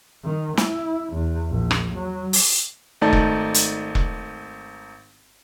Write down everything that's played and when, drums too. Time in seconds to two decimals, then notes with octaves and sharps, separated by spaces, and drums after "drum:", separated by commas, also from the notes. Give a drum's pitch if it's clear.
0.24 D#3
0.57 E4, drum: snare
1.14 E2
1.50 A#1
1.71 drum: rim click
1.94 F#3
2.33 drum: open hi-hat
3.01 G#1 A3 D#4 D5 A5
3.13 drum: kick E1
3.54 drum: hi-hat
3.95 drum: kick E1